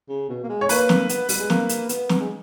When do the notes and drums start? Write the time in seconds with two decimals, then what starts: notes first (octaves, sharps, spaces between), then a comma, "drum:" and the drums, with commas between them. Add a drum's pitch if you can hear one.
0.09 C#3
0.29 B2
0.43 A#3
0.49 G#3
0.61 C#5
0.69 A#3 B4, drum: open hi-hat
0.89 drum: snare
1.09 B3, drum: hi-hat
1.29 G3, drum: open hi-hat
1.39 G#3
1.50 A#3, drum: snare
1.69 drum: hi-hat
1.89 B3, drum: hi-hat
2.09 drum: snare
2.20 G#3